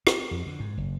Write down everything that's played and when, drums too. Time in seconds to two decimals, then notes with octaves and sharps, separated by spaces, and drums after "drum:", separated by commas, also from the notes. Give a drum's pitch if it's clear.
0.07 C4, drum: rim click
0.31 F2
0.47 D3
0.60 G#2
0.78 F#1